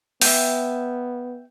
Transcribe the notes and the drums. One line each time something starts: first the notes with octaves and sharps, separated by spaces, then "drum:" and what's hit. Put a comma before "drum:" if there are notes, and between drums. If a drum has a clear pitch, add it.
B3 E5 G5, drum: open hi-hat